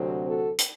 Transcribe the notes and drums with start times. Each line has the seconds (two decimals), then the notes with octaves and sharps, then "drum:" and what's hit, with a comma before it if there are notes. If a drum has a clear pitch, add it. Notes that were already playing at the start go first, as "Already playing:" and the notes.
Already playing: D2 C3 F#3 C4
0.26 F#4 A4
0.59 drum: hi-hat